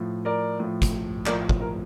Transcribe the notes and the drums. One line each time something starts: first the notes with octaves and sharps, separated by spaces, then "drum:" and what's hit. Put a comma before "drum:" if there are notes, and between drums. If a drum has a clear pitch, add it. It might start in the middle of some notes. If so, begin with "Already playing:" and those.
Already playing: A2 F3
A#4 D5
A2 F3
drum: kick, hi-hat
A2 F3 A#4 D5, drum: clap
drum: kick
A#4